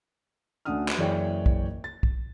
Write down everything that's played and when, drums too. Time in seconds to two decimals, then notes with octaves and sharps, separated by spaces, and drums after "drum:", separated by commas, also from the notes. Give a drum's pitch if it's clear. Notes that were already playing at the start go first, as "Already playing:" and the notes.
0.65 D2 C#4 D4 F#5 D#6 F6
0.89 drum: clap
0.98 F#1 E3 G#4 C#5 D5 G5
1.46 drum: kick
1.84 A6
2.03 drum: kick